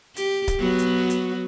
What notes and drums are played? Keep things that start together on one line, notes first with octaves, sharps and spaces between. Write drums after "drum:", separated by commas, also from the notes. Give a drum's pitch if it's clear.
G4, drum: hi-hat
drum: kick C#1, hi-hat
F#3 B3 F#4
drum: hi-hat
drum: hi-hat